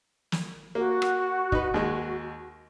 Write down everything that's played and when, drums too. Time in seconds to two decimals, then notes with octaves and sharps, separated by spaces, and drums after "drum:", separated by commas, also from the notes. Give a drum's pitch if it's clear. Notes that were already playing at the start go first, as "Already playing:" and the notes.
0.32 drum: snare
0.75 A#3 F#4
1.02 drum: rim click
1.52 D#4 B4, drum: kick
1.74 D#2 G#3